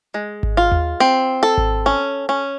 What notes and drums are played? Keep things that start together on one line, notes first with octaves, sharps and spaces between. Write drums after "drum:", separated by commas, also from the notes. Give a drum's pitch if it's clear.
G#3
drum: kick G#1
F4
drum: tom D#2
C4
A4
drum: kick G#1
C#4
C#4